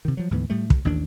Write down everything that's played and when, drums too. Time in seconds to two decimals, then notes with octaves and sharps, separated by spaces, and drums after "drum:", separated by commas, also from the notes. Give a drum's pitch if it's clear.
0.05 C3 D#3
0.17 F3 F#3
0.31 D2 G#2 E3 B3
0.50 A2 G3 A3
0.70 D2, drum: kick
0.85 A1 D#2 D#3 D4